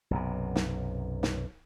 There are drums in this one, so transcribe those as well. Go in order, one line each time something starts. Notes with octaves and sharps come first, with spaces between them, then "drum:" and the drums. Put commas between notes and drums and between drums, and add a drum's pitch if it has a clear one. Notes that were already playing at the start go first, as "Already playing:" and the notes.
B1 F#2 C3
drum: snare
drum: snare